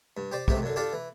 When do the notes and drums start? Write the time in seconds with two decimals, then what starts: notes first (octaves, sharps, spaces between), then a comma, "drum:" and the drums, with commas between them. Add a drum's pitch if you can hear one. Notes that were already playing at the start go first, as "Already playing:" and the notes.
0.17 G2
0.32 G4 C5 D5
0.48 A1 G#2 C3 A3 G4, drum: kick
0.62 F#2 D3
0.76 D4 F4 G4 A4 D5
0.93 E3